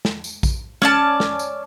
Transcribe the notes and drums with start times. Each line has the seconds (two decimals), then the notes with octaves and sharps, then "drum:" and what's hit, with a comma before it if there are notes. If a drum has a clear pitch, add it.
0.05 drum: snare
0.24 drum: tambourine
0.43 drum: kick A#1, tambourine
0.82 C#4 D5 A5, drum: snare
1.20 drum: snare
1.39 drum: tambourine